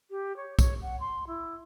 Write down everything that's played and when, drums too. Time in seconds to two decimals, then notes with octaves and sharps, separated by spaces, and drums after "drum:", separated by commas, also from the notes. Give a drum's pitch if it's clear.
0.11 G4
0.37 C#5
0.59 C#5, drum: kick, tambourine
0.82 F#5
1.00 C6
1.27 E4